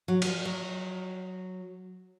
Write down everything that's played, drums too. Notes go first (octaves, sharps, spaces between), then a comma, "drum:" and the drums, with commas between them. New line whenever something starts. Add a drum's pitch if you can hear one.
F#3
F#3, drum: cymbal
F3
F#3